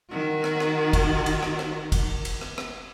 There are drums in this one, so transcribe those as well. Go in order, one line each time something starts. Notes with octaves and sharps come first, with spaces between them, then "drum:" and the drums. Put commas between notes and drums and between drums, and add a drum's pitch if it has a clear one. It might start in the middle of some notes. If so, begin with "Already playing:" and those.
D#3 F#4
drum: rim click
drum: rim click
drum: kick, cymbal
drum: cymbal
drum: rim click
drum: rim click
drum: kick, cymbal
drum: cymbal
drum: rim click
drum: rim click